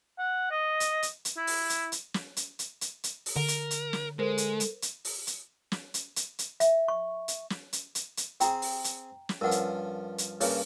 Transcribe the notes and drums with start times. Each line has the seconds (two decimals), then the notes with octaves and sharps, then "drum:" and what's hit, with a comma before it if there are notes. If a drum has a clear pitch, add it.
0.18 F#5
0.51 D#5
0.80 drum: hi-hat
1.03 drum: hi-hat
1.25 drum: hi-hat
1.37 E4
1.47 drum: open hi-hat
1.70 drum: hi-hat
1.92 drum: hi-hat
2.14 drum: snare
2.37 drum: hi-hat
2.59 drum: hi-hat
2.81 drum: hi-hat
3.04 drum: hi-hat
3.26 drum: open hi-hat
3.36 D3 A#4
3.48 drum: hi-hat
3.71 drum: hi-hat
3.93 drum: snare
4.19 G#3 A4 A#4 C5
4.38 drum: hi-hat
4.60 drum: hi-hat
4.82 drum: hi-hat
5.05 drum: open hi-hat
5.27 drum: hi-hat
5.72 drum: snare
5.94 drum: hi-hat
6.16 drum: hi-hat
6.39 drum: hi-hat
6.60 E5, drum: hi-hat
6.88 C#6
7.28 drum: hi-hat
7.50 drum: snare
7.73 drum: hi-hat
7.95 drum: hi-hat
8.17 drum: hi-hat
8.40 C4 G#4 G5 A#5, drum: hi-hat
8.62 drum: open hi-hat
8.84 drum: hi-hat
9.29 drum: snare
9.41 G2 F3 C#4 A#4 F#5
9.51 drum: hi-hat
10.18 drum: hi-hat
10.41 G2 C#3 A#3 C#5, drum: open hi-hat